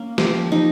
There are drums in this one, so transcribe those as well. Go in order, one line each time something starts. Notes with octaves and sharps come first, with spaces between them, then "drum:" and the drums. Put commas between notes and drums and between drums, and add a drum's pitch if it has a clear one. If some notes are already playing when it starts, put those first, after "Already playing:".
Already playing: A#3 C#4
F3 G4, drum: snare
F3 D#4